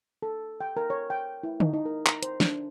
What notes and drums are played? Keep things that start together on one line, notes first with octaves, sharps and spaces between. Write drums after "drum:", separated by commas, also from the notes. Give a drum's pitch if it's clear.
A4
G5
A#4
C#5
G5
E4
D#4, drum: tom D3
D#4
A#4
A#5, drum: clap
C5, drum: hi-hat
D4, drum: snare